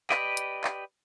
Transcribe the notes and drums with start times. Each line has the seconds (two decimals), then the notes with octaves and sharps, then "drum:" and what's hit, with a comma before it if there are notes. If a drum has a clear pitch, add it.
0.10 G4 B4 D5 D#5, drum: clap
0.37 drum: hi-hat
0.64 drum: clap